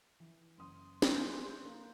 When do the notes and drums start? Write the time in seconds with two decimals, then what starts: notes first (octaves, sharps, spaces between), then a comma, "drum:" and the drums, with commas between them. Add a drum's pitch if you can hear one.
0.20 E3
0.58 F#1 C6 D#6
1.02 drum: snare
1.14 G#5 F#6 G6
1.65 A#3